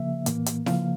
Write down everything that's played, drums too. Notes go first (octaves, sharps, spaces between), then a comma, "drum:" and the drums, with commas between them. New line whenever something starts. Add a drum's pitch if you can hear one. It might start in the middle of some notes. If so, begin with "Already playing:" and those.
Already playing: C#3 F3 A#3 E5
A2 E3 A#3, drum: hi-hat
drum: hi-hat
C#3 F3 A#3 F5, drum: snare E4